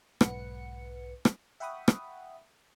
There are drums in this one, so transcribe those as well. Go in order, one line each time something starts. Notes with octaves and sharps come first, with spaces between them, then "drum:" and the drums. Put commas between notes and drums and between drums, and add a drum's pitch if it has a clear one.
B1 G#2 B4 F#5 C#7, drum: rim click
drum: rim click
E5 F#5 G5 B5 C#6 D#6
drum: rim click